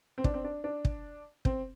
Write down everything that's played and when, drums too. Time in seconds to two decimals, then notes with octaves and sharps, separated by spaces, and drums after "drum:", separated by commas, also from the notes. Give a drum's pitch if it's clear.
0.18 C4
0.24 D4, drum: kick
0.34 C4
0.44 D4
0.64 D4
0.85 drum: kick
1.45 C4, drum: kick